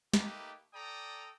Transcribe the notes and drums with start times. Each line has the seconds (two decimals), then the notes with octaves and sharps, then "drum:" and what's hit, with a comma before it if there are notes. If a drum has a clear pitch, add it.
0.13 A3 A#3 D#4 G4 B4, drum: snare
0.73 A4 D5 G5 A#5 D#6